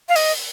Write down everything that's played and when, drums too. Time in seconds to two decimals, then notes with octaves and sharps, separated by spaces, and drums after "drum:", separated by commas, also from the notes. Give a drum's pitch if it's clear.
0.09 F5
0.16 D#5, drum: open hi-hat